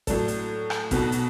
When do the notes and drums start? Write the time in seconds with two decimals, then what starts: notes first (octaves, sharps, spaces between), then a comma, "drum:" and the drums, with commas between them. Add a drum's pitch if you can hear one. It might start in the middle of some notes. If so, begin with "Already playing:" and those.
0.07 A2 F#3 D4 A4, drum: kick A1, hi-hat
0.28 drum: hi-hat
0.70 drum: rim click
0.91 B1 B2 B3 F#4 A4, drum: kick A1, hi-hat
1.12 drum: hi-hat